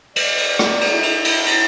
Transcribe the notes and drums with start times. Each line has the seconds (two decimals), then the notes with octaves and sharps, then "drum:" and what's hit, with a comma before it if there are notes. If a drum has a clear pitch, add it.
0.16 D5, drum: cymbal
0.38 drum: cymbal
0.59 drum: rim click
0.81 drum: cymbal
0.92 E4
1.03 drum: cymbal
1.25 drum: cymbal
1.46 drum: cymbal